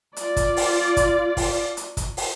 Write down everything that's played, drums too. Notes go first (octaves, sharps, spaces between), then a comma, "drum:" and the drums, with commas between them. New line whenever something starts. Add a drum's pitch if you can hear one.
F4 D5, drum: hi-hat
drum: kick, hi-hat
drum: open hi-hat
drum: kick, hi-hat
drum: kick, open hi-hat
drum: hi-hat
drum: kick, hi-hat
drum: open hi-hat